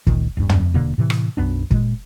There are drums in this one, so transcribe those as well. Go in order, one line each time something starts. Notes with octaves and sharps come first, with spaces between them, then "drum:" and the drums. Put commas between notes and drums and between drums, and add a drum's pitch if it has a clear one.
C#2 A#2 D#3, drum: kick
D#1 G2
drum: tom
D#1 B2 D3 A#3
A2 C3 E3
drum: rim click
B1 F#2 B3 D4
A#2 G#3, drum: kick